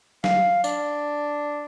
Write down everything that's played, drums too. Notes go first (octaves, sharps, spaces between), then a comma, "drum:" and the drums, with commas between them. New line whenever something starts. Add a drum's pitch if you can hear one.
F5, drum: snare
D4, drum: tambourine